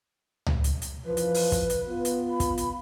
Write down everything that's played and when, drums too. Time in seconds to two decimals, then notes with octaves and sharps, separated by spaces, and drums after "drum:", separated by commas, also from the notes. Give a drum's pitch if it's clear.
0.46 drum: tom C#2
0.64 drum: hi-hat
0.82 drum: hi-hat
1.06 F#2 E3 F3 B4
1.17 drum: hi-hat
1.34 drum: open hi-hat
1.52 drum: kick, hi-hat
1.70 drum: hi-hat
1.87 B3 F4
2.05 drum: hi-hat
2.30 B5
2.40 drum: kick, hi-hat
2.58 drum: hi-hat